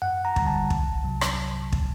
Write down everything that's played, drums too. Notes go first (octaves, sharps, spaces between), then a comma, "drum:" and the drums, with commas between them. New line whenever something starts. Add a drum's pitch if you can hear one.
F#2 F#5
A#5
D3 G3, drum: kick
A5
C2, drum: kick
C3 F#3
drum: rim click
drum: kick